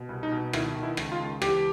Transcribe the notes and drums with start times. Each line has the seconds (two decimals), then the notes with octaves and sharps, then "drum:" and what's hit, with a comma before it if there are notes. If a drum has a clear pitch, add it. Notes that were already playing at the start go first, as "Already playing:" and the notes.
Already playing: B2
0.09 C2
0.23 D#4
0.31 B2
0.53 D#3 E4, drum: rim click
0.75 D#3
0.83 E4
0.97 C#2, drum: rim click
1.12 F4
1.20 C#2
1.42 E3 G4, drum: rim click